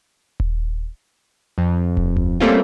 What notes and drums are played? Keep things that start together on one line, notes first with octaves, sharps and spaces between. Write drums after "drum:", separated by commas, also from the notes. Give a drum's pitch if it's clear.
drum: kick D#1
F2
drum: kick D#1
drum: tom D2
G3 A3 A#3 C4 C#4 F4